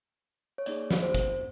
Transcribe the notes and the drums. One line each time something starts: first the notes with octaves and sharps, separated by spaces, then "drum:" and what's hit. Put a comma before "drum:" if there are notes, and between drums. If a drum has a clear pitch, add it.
C#5
A#3 D#4 G#4 D5, drum: hi-hat
drum: snare
C5
drum: kick, hi-hat